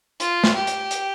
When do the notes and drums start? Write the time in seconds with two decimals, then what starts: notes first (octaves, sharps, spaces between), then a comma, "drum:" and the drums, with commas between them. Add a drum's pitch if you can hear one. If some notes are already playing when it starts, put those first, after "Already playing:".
0.20 F4, drum: hi-hat
0.44 drum: snare
0.55 G4
0.67 drum: hi-hat
0.91 drum: hi-hat